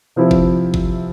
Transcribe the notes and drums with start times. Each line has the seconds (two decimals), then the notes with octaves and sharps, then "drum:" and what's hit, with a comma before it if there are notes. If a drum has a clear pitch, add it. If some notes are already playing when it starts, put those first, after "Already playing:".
0.16 C3 F3 C4 E4 G4
0.31 drum: kick G1
0.74 drum: kick G1